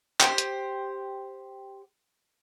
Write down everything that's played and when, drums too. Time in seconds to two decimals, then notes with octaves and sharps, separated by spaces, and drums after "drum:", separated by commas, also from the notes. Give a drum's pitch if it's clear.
0.21 G4 C5, drum: clap
0.38 drum: hi-hat